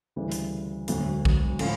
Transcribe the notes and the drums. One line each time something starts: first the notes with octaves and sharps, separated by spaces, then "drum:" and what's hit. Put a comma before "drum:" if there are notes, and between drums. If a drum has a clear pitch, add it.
D2 C#3 E3 G3
drum: hi-hat
E1 D2 D3 F#3, drum: hi-hat
drum: kick
A2 F3 A3 C#4 F4, drum: cymbal